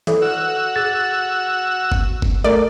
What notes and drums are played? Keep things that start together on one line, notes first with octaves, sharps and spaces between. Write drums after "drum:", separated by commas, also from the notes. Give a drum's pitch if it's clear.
E3 A4 D5, drum: hi-hat
F#4 B4 E6
G#4 A6
drum: kick F#1
drum: kick F#1
A3 A4 A#4 D5